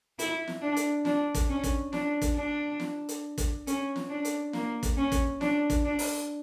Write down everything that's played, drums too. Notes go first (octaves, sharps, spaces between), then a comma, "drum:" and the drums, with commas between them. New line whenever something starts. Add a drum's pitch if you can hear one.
E4, drum: hi-hat
drum: snare
D4
drum: hi-hat
D4, drum: snare
drum: kick, hi-hat
C#4
drum: kick, hi-hat
D4, drum: snare
drum: kick, hi-hat
D4
drum: snare
drum: hi-hat
drum: kick, hi-hat
C#4, drum: hi-hat
drum: snare
D4
drum: hi-hat
A#3, drum: snare
drum: kick, hi-hat
C#4
drum: kick, hi-hat
D4, drum: snare
drum: kick, hi-hat
D4
drum: open hi-hat